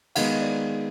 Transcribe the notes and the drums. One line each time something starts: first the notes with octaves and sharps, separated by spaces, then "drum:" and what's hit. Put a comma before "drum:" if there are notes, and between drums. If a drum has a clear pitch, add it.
D#3 G#3 B3 D#4 D#5 F5, drum: cymbal
D#5
D5